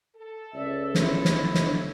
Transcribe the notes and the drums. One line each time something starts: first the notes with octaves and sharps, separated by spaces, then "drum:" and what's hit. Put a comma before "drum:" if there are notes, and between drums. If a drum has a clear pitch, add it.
A4
C#2 D5 E5
E4 F4, drum: snare
D#5, drum: snare
D3 C#5, drum: snare